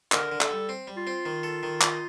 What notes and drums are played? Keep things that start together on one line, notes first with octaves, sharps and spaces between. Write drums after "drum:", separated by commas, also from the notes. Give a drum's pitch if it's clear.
D3 A#4, drum: clap
D3
A4, drum: clap
G3
C4
G3
F4
C4
D#3
A4
D#3
D#4 F4, drum: clap